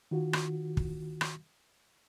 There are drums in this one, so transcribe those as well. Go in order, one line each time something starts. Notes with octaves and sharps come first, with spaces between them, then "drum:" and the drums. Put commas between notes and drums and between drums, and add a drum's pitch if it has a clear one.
D#3 F4 F#4
drum: rim click
drum: kick
drum: rim click